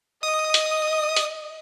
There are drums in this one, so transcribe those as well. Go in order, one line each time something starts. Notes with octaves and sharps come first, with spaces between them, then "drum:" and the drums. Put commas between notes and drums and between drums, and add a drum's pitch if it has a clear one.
D#5 D#6
drum: hi-hat
drum: hi-hat